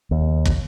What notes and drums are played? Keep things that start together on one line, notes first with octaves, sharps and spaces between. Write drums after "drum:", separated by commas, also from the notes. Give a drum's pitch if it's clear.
D#2
drum: kick